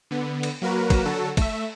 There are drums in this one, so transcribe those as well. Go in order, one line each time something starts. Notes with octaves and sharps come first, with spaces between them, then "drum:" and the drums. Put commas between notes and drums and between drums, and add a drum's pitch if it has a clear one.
D3 B3
drum: cymbal
F#3 A#3 F#4 A#4 B4
drum: kick, cymbal
D3 F#3 F#4 A4
A3 E5, drum: kick, cymbal